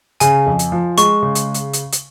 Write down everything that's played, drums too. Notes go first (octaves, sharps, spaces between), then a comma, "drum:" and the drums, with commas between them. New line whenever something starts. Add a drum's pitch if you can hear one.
C#3 G#5, drum: hi-hat
F2
drum: hi-hat
F3
G#3 C#6, drum: hi-hat
C#3
drum: hi-hat
drum: hi-hat
drum: hi-hat
drum: hi-hat